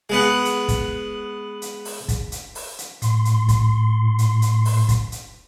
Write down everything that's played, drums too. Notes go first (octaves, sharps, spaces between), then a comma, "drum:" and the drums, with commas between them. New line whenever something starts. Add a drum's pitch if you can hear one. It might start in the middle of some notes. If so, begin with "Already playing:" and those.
G#3 B3 F#5
drum: hi-hat
drum: kick, hi-hat
drum: hi-hat
drum: open hi-hat
drum: kick, hi-hat
drum: hi-hat
drum: open hi-hat
drum: hi-hat
A2 C6, drum: hi-hat
drum: hi-hat
drum: kick, hi-hat
drum: hi-hat
drum: hi-hat
drum: open hi-hat
drum: kick, hi-hat
drum: hi-hat